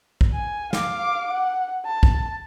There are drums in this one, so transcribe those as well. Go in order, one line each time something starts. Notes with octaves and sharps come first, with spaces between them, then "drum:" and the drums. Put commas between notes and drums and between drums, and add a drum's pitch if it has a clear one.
drum: kick A#1
G#5
F5 D6, drum: snare
F#5
A5
drum: kick A#1